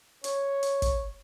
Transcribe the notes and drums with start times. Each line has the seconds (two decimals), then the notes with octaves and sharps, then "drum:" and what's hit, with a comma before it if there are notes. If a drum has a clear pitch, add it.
0.24 C#5, drum: hi-hat
0.63 drum: hi-hat
0.82 drum: kick, hi-hat